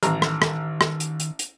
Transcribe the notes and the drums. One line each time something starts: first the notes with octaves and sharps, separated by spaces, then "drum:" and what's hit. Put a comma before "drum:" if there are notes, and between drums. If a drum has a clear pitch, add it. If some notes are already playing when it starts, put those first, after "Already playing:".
A1 D#3 A#5, drum: hi-hat
drum: rim click
drum: rim click
drum: rim click
drum: hi-hat
drum: hi-hat
drum: hi-hat